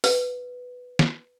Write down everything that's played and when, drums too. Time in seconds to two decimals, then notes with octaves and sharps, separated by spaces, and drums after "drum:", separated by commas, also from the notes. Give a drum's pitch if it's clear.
0.04 B4, drum: open hi-hat
0.99 drum: snare